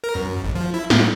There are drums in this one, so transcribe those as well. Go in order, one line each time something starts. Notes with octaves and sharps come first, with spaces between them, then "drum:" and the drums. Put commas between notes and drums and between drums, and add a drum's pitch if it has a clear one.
A#4
F#2
G#1
F3
E4
A2, drum: snare